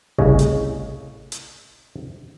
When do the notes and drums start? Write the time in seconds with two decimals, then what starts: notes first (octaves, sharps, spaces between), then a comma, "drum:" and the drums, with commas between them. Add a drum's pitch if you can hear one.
0.18 C2 A2 C#3 G#4 C#5 D#5, drum: kick G#1
0.39 drum: hi-hat
1.32 drum: hi-hat